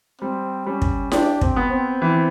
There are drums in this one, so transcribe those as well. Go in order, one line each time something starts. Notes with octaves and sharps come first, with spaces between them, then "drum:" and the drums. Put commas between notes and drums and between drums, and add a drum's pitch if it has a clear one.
G3 C4
G3 C#4
drum: kick
D4 G4, drum: snare E4
C4, drum: kick
B3
C4
E3